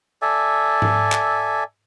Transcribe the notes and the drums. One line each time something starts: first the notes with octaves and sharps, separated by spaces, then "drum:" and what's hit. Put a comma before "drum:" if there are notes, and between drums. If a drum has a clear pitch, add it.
A4 D5 E5 G#5
drum: tom G#2
drum: clap